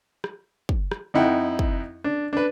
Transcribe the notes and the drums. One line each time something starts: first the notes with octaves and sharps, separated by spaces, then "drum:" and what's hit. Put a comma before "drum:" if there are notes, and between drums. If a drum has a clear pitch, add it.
drum: rim click
drum: kick
drum: rim click
F2 D#4 E4 F#5 G5
drum: kick
D4
D4 B4